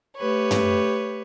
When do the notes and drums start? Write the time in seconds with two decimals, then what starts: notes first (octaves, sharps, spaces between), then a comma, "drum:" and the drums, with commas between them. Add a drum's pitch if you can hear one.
0.16 A3 G4 B4 C#5
0.51 drum: tom